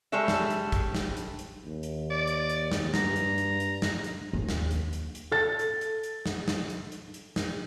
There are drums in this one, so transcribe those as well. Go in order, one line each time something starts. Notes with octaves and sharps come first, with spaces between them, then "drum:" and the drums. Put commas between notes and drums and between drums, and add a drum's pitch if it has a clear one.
G3 G#3 A4 C#5 E5
drum: snare
drum: hi-hat
drum: kick, hi-hat
drum: snare
drum: hi-hat
drum: hi-hat
D#2
drum: hi-hat
D5
drum: hi-hat
drum: hi-hat
drum: snare
G2 A#5, drum: snare
drum: hi-hat
drum: hi-hat
drum: hi-hat
drum: snare
drum: hi-hat
D#2
drum: snare
drum: hi-hat
drum: hi-hat
drum: hi-hat
A4 A6
drum: hi-hat
drum: hi-hat
drum: hi-hat
drum: snare
drum: snare
drum: hi-hat
drum: hi-hat
drum: hi-hat
drum: snare